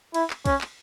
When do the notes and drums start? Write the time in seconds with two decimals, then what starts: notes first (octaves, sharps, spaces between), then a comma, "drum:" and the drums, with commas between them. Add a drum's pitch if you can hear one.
0.14 E4, drum: cymbal
0.30 drum: clap
0.45 C#4, drum: kick, cymbal
0.61 drum: clap